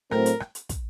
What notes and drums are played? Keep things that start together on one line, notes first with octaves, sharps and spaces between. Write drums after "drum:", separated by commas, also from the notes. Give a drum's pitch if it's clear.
A2 F#3 A3 C4 A#4, drum: rim click
drum: hi-hat
drum: rim click
drum: hi-hat
drum: kick, hi-hat